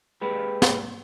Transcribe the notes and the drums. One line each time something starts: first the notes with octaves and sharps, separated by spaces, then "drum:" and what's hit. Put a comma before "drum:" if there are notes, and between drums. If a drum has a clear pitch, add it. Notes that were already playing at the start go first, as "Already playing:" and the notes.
G#3 G4 B4
drum: snare